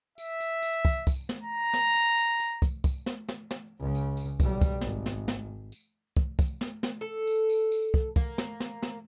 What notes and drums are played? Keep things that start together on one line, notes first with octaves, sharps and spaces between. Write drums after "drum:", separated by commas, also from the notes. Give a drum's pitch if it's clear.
E5, drum: tambourine
drum: tambourine
drum: tambourine
drum: kick, tambourine
drum: kick, tambourine
drum: snare
A#5
drum: snare
drum: tambourine
drum: tambourine
drum: tambourine
drum: kick, tambourine
drum: kick, tambourine
drum: snare
drum: snare
drum: snare
C#2 C#3
drum: tambourine
drum: tambourine
B1 G3, drum: kick, tambourine
drum: kick, tambourine
G#1, drum: snare
drum: snare
drum: snare
drum: tambourine
drum: kick
drum: kick, tambourine
drum: snare
drum: snare
A4
drum: tambourine
drum: tambourine
drum: tambourine
drum: kick
A#3, drum: kick, tambourine
drum: snare
drum: snare
drum: snare